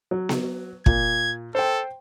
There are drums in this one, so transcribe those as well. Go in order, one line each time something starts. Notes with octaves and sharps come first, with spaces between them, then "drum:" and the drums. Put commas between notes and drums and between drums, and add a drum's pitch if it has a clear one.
F#3
drum: snare B3
A#2 G#6, drum: kick
A4 C5 G5